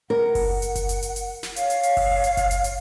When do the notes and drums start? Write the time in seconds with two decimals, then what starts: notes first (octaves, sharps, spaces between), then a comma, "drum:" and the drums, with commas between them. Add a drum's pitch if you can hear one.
0.10 A#4 F#5
0.35 drum: kick F#1, open hi-hat
0.62 drum: hi-hat
0.75 drum: kick F#1, hi-hat
0.89 drum: hi-hat
1.02 drum: hi-hat
1.16 drum: hi-hat
1.43 drum: snare
1.56 C#5 F5, drum: hi-hat
1.70 drum: hi-hat
1.83 drum: hi-hat
1.97 drum: kick F#1, open hi-hat
2.24 drum: hi-hat
2.37 drum: kick F#1, hi-hat
2.51 drum: hi-hat
2.64 drum: hi-hat